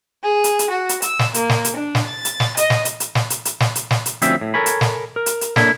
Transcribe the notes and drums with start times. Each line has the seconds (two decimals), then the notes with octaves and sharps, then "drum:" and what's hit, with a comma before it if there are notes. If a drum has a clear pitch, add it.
0.22 G#4
0.44 drum: hi-hat
0.59 drum: hi-hat
0.69 F#4
0.89 drum: hi-hat
1.02 E6, drum: hi-hat
1.19 drum: snare
1.34 A#3, drum: hi-hat
1.49 drum: snare
1.65 drum: hi-hat
1.76 D4
1.95 drum: snare
2.06 A6
2.25 drum: hi-hat
2.40 drum: snare
2.57 D#5, drum: hi-hat
2.70 drum: snare
2.85 drum: hi-hat
3.00 drum: hi-hat
3.15 drum: snare
3.30 drum: hi-hat
3.45 drum: hi-hat
3.60 drum: snare
3.75 drum: hi-hat
3.91 drum: snare
4.06 drum: hi-hat
4.22 D2 F3 G3 C4 C#4 E5, drum: hi-hat
4.41 A2
4.54 A4 A#4 C#5 G#5 B5
4.66 drum: hi-hat
4.81 drum: snare
5.16 A#4
5.26 drum: hi-hat
5.41 drum: hi-hat
5.56 A#3 D4 E4 A4 A#4 C#5, drum: snare